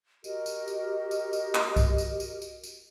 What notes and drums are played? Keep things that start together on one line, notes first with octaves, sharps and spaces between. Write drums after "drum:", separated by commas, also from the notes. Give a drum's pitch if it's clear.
F#4 G4 A#4 D#5, drum: tambourine
drum: tambourine
drum: tambourine
drum: tambourine
drum: tambourine
drum: clap
drum: kick C2, tambourine
drum: tambourine
drum: tambourine
drum: tambourine
drum: tambourine